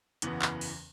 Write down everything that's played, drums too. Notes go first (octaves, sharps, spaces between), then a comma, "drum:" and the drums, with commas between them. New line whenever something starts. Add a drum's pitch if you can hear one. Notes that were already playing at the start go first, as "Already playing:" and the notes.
F#1 E2 C#3 E3 B3, drum: hi-hat
drum: clap
drum: open hi-hat